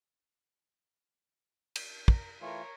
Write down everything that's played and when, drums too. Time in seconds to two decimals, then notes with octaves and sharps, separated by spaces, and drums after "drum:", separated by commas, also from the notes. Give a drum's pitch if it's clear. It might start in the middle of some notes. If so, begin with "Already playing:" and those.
1.76 drum: cymbal
2.08 A#4, drum: kick
2.41 E3 A3 F4 A#4 C#5